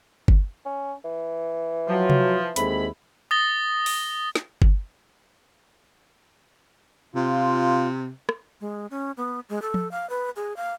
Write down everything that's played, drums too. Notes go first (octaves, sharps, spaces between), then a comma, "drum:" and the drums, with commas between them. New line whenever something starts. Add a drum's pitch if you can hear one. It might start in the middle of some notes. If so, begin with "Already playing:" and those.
drum: kick G1
C#4
E3
F3 F#3
drum: tom C3
D#2 D3 G#3 C4 E4 B5, drum: hi-hat
D#6 A6 A#6 G7
drum: open hi-hat
drum: snare
drum: kick G1
C3 F4
drum: rim click
G#3
C#4
B3
G#3
A4
drum: tom F3
F5
B4
G#4
F5